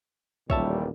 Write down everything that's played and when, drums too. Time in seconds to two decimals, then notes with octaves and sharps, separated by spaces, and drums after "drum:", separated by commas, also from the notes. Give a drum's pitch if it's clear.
0.50 D#1 A1 A#2 G3 C#5 E5 A5, drum: kick